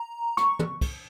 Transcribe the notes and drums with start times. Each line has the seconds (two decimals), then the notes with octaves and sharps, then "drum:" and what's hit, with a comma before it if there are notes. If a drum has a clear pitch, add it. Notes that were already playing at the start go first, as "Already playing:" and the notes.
Already playing: A#5
0.37 C#6, drum: snare
0.59 drum: tom
0.81 drum: kick, cymbal